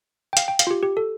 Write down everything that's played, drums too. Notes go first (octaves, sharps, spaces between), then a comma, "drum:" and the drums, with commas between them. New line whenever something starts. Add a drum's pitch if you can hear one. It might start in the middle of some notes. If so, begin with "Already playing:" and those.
G5
F5, drum: hi-hat
G5
F5, drum: hi-hat
F4
G4
G4
A4